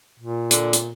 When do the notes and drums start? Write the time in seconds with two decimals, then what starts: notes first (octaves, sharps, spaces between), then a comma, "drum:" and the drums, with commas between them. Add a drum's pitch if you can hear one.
0.20 A#2
0.51 D3, drum: hi-hat
0.73 drum: hi-hat